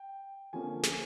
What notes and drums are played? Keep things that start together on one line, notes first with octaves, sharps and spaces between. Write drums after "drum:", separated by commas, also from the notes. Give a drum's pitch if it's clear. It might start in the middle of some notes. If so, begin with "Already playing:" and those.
Already playing: G5
D3 F3 A#3 C#4 G#5
drum: snare